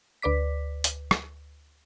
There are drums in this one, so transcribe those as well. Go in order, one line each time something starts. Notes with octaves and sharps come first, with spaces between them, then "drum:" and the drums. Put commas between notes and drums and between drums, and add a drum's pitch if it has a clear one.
D2 B4 D5 D6 B6
drum: hi-hat
drum: rim click